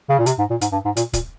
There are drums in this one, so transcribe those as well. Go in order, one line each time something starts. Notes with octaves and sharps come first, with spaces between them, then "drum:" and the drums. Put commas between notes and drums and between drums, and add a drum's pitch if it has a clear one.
C#3
A#2
C3, drum: hi-hat
G#2
A#2
G#2, drum: hi-hat
G2
G#2
A#2, drum: hi-hat
A#2, drum: kick, hi-hat